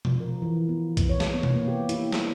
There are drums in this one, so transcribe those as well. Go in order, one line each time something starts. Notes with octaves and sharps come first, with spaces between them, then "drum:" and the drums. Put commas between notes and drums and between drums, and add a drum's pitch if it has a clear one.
F3, drum: tom B2
A#4
E3
B3
drum: kick B1, hi-hat
C#5
drum: snare
B3
drum: tom B2
A#3
G4
E4, drum: hi-hat
drum: snare